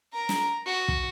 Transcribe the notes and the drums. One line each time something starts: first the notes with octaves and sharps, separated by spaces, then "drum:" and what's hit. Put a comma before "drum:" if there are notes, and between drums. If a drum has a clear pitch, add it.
A#4 A#5
drum: snare
F#4
drum: kick